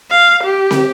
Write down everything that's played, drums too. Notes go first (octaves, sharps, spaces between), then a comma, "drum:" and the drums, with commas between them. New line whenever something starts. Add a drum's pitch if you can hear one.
F5
G4
drum: snare